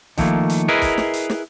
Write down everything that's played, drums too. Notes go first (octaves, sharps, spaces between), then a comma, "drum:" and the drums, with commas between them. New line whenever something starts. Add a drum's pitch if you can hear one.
D#3 F3 A3 A#3, drum: kick, hi-hat
drum: hi-hat
E4 G#4 A#4 B4 D#5
drum: kick, hi-hat
drum: snare
drum: hi-hat
drum: snare